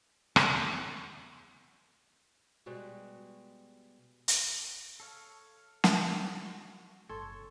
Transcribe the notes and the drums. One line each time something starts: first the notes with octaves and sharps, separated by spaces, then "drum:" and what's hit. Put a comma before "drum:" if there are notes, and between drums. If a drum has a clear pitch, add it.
E2, drum: rim click
B2 G3 G#3 F#4
drum: hi-hat
A4 C#5 F5
drum: snare
F#4
F#1 A4 C#5 C6